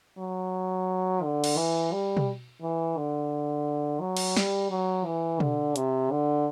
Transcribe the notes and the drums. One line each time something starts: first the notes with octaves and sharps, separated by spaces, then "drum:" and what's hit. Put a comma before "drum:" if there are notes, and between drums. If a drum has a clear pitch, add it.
F#3
D3
drum: cymbal
E3
G3
drum: tom B2
E3
D3
F#3
drum: cymbal
G3, drum: snare
F#3
E3
D3, drum: tom B2
C3, drum: hi-hat
D3